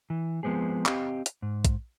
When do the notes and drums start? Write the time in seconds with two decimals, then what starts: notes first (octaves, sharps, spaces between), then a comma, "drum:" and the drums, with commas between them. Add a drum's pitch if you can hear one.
0.10 E3
0.43 F3 G#3 B3 C4 G#4
0.86 C4 G4 D#5 F5, drum: clap
1.26 drum: hi-hat
1.42 G#2
1.65 drum: kick A#1, hi-hat